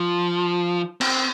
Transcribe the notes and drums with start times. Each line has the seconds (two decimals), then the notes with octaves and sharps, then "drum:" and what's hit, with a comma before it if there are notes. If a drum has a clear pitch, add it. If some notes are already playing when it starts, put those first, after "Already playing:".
Already playing: F3
1.01 C4, drum: cymbal